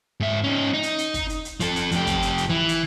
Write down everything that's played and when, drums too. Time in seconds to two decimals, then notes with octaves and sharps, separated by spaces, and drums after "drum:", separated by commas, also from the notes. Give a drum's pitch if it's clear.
0.20 G#2 E5
0.44 C#4 D#4
0.74 D#4
0.83 drum: hi-hat
0.98 drum: hi-hat
1.14 drum: kick, hi-hat
1.29 drum: hi-hat
1.45 drum: hi-hat
1.60 F3 A4, drum: hi-hat
1.76 drum: hi-hat
1.91 F2 G4, drum: hi-hat
2.07 drum: kick, hi-hat
2.22 drum: hi-hat
2.38 drum: hi-hat
2.49 E3
2.69 drum: hi-hat